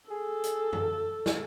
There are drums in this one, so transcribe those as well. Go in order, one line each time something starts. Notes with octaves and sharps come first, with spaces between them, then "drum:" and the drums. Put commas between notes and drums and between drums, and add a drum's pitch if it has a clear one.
G#4 A4
drum: hi-hat
drum: tom F#2
drum: snare